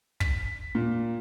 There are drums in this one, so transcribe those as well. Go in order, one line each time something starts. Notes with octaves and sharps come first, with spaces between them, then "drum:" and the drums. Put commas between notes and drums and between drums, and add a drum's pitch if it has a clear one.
B6, drum: kick
A#2